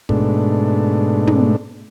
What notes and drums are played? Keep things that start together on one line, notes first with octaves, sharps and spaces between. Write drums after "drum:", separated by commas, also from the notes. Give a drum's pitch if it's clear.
G#2 B2 A3 D4, drum: kick
drum: tom